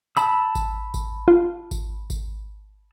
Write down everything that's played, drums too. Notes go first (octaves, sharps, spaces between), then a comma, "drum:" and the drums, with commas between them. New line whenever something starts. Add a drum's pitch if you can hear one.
A5 B5 E6, drum: tambourine
drum: kick G#1, tambourine
drum: kick G#1, tambourine
F4
drum: kick G#1, tambourine
drum: kick G#1, tambourine